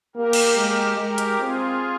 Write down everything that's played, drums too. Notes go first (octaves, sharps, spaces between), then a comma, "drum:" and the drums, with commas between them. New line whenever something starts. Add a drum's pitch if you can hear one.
A#3 G4 A#4
drum: cymbal
G#3
G#3 G4 A#4
drum: hi-hat
C4 F4 G#4